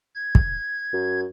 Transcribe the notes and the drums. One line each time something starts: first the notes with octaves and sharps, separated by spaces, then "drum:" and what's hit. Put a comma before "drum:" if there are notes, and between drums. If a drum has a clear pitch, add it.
G#6
drum: kick
F#2